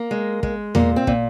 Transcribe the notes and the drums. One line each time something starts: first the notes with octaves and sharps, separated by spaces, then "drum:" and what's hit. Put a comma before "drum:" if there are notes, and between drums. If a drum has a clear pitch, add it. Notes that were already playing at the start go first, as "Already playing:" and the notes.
Already playing: A#3
G#3
G#3, drum: kick
A#2 A#3, drum: tom E2
C4
A#2, drum: kick